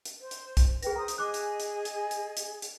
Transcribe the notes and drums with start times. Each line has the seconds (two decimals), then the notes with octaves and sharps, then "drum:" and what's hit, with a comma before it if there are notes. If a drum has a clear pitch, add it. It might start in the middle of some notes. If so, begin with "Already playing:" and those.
0.05 drum: hi-hat
0.21 C5
0.31 drum: hi-hat
0.57 drum: kick B1, hi-hat
0.83 G#4 A#4 B4 G5 A#6, drum: hi-hat
0.96 C5 A#5 D#6
1.08 drum: hi-hat
1.18 G#4 D#5 G#5 D6 F#6
1.34 drum: hi-hat
1.60 drum: hi-hat
1.85 drum: hi-hat
2.11 drum: hi-hat
2.37 drum: hi-hat
2.62 drum: hi-hat